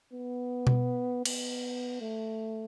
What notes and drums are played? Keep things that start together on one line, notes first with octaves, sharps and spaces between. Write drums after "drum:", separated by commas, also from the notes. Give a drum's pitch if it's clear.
B3
drum: tom B2
B3, drum: cymbal
A3